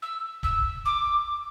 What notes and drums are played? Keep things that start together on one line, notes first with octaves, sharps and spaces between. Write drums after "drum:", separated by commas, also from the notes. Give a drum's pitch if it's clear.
E6
E6, drum: kick D1
D6